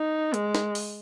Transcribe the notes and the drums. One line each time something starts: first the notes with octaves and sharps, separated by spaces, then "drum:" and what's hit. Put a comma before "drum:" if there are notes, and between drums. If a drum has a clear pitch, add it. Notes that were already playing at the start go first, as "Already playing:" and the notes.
Already playing: D#4
G#3, drum: hi-hat
drum: snare
drum: open hi-hat